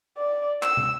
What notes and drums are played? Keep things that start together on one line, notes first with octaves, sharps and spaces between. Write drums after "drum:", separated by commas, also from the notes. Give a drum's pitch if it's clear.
D5
E6, drum: clap
drum: tom